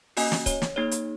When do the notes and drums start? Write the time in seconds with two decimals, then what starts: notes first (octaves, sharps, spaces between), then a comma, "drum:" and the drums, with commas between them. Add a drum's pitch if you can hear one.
0.17 A#3 C#4 F#4 D#5 G#5, drum: open hi-hat
0.32 drum: snare
0.46 C#5, drum: kick C#1, hi-hat
0.62 drum: snare
0.76 A#3 D#4 G#4 C#5
0.91 drum: hi-hat